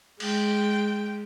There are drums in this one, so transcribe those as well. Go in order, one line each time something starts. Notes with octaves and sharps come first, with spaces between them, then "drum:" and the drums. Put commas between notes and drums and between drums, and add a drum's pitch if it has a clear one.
G#3 G5, drum: cymbal